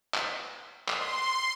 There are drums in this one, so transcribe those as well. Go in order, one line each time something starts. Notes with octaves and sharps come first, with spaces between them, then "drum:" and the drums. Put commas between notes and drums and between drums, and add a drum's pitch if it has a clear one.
drum: clap
C6, drum: clap